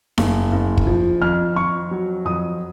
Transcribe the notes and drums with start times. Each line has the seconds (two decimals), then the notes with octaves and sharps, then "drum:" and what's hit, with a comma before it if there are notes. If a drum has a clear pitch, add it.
0.18 F#1, drum: snare D#4
0.52 F#1
0.77 drum: kick
0.87 F3
1.22 F2 F6
1.56 F2 C#6
1.91 F#3
2.25 F2 D#6